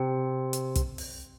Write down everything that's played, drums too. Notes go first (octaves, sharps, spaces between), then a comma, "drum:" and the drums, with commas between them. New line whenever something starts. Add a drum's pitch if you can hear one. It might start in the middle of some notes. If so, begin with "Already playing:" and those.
Already playing: C3
drum: hi-hat
drum: kick, hi-hat
drum: open hi-hat